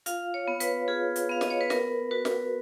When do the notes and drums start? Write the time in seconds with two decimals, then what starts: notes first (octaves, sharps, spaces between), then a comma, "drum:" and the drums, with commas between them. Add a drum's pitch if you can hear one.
0.06 F4 F5, drum: hi-hat
0.34 C#5
0.48 B3
0.60 B4, drum: hi-hat
0.88 F4 G#4
1.16 drum: hi-hat
1.29 B3 F5
1.41 D#5, drum: snare
1.50 C#5
1.61 B4
1.70 B3 A#4, drum: snare
2.11 F#4 B4
2.25 drum: snare